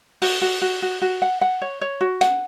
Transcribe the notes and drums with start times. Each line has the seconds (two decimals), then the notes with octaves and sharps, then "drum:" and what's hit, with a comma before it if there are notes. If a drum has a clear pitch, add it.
0.22 F#4, drum: open hi-hat
0.42 F#4
0.62 F#4
0.82 F#4
1.02 F#4
1.22 F#5
1.41 F#5
1.62 C#5
1.81 C#5
2.01 F#4
2.21 F#5, drum: hi-hat